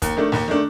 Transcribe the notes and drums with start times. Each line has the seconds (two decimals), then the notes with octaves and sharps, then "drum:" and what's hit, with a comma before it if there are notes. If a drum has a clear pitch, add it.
0.02 D#2, drum: kick, hi-hat
0.17 D#3 A3 D4
0.32 D#2, drum: snare
0.48 D#3 A3 D4